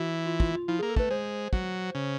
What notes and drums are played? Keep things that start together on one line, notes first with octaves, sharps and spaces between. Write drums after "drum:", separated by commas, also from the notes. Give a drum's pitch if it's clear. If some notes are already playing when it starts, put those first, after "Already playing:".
Already playing: E3 F#4
F4
F4, drum: kick
F4
F3 E4
A#3 G#4
A4
A3 B4, drum: kick
G#3 C5
F#3, drum: kick
C#3